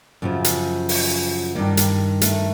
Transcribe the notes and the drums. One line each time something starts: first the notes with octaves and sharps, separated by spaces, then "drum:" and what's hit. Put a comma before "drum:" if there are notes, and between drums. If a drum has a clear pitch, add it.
F#2 C#3 F3 F#3
drum: hi-hat
drum: open hi-hat
G2 D#3 G3
drum: hi-hat
A3, drum: hi-hat